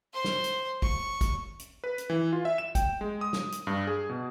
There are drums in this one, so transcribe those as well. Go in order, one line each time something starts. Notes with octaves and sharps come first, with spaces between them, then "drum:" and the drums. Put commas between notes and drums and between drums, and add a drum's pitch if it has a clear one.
C5 C6
drum: snare
drum: hi-hat
C#6, drum: kick
drum: kick, hi-hat
drum: hi-hat
B4
drum: hi-hat
E3
F4
E5
E7
G5, drum: kick, hi-hat
G#3
D#6
drum: snare
drum: hi-hat
G2
G#4
B2